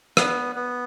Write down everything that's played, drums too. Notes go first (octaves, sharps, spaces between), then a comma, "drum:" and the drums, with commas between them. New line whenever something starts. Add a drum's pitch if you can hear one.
B3, drum: rim click
B3